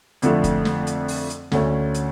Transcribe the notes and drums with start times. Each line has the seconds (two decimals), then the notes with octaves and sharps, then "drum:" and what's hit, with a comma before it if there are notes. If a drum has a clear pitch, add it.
0.22 F2 D3 F3 A3, drum: hi-hat
0.44 drum: kick, hi-hat
0.65 drum: snare
0.87 drum: hi-hat
1.08 drum: open hi-hat
1.30 drum: hi-hat
1.52 D2 D3 A3 C#4, drum: snare
1.94 drum: hi-hat